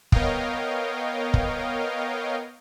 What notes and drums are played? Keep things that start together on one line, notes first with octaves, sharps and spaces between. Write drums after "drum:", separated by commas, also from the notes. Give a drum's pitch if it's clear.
B3 A#4 C#5 D#5 F5 G5, drum: kick
drum: kick